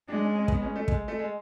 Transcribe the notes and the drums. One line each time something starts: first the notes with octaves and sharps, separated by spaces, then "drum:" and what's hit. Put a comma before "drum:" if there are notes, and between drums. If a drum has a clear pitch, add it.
G#3 D4
C#4
C#4
B3, drum: kick
C#4
A3
G#3, drum: kick
A3
G#3